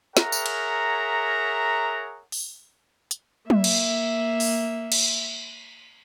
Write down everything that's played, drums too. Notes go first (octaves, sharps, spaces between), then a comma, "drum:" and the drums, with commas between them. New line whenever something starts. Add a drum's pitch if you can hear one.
G#4 A#4 C#5 E5 F#5 A#5, drum: snare
drum: tambourine
drum: cymbal
drum: open hi-hat
drum: hi-hat
A#3 E5, drum: tom F#3
drum: cymbal
drum: open hi-hat
drum: cymbal